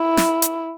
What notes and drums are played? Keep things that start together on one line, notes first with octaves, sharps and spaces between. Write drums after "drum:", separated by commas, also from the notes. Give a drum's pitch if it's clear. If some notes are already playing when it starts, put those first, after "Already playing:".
Already playing: E4
drum: snare
drum: hi-hat